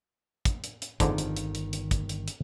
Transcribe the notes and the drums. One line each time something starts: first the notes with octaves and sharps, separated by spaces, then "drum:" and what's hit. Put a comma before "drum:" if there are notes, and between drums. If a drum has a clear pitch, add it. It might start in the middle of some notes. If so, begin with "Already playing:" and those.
drum: kick, hi-hat
drum: hi-hat
drum: hi-hat
G1 F2 G#2 D3 D#3, drum: kick, hi-hat
drum: hi-hat
drum: hi-hat
drum: hi-hat
drum: hi-hat
drum: kick, hi-hat
drum: hi-hat
drum: hi-hat